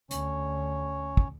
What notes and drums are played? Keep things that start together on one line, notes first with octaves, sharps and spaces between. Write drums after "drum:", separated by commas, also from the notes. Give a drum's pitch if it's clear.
D2 C#4 C#5, drum: hi-hat
drum: kick